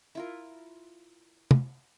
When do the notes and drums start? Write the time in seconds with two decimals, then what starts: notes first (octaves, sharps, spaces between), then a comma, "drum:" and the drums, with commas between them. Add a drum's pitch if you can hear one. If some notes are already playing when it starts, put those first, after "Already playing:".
0.15 E4 F4 A#4
1.51 drum: tom